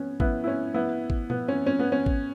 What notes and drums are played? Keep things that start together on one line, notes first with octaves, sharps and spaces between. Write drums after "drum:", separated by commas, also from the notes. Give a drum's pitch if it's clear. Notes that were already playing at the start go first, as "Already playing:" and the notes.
Already playing: B3 C#4
B3 E4, drum: kick
E4
C#4
B3 E4
drum: kick
B3, drum: tom A#2
C#4
C#4
B3
C#4
drum: kick